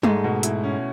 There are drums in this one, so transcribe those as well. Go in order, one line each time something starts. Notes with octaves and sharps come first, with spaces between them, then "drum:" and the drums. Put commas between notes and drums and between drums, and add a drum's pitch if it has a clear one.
G#2 G#3 A3, drum: tom G3
B2
E4, drum: hi-hat
C#4